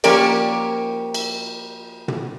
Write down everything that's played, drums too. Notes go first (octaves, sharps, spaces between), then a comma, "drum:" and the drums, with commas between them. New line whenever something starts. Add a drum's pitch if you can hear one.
F3 A#3 C#4 G4 A#4 D5, drum: cymbal
drum: cymbal
drum: tom